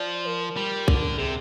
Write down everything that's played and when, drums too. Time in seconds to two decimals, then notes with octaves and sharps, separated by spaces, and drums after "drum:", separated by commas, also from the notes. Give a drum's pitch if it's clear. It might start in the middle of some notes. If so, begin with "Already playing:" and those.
Already playing: F3 D5
0.26 A#4
0.57 G3
0.88 D3, drum: kick
1.18 C3 G#4